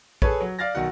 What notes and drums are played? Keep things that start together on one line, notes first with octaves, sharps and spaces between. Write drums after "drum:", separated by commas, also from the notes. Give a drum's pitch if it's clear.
G#4 A4 B4 C#5, drum: kick
F#3
D5 F5 F6 A6 A#6
B1 D#3 F#4 F#5